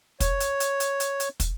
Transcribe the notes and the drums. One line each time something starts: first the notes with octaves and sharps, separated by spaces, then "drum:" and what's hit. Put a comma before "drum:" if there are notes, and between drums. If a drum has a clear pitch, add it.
C#5, drum: kick, hi-hat
drum: hi-hat
drum: hi-hat
drum: hi-hat
drum: hi-hat
drum: hi-hat
drum: kick, hi-hat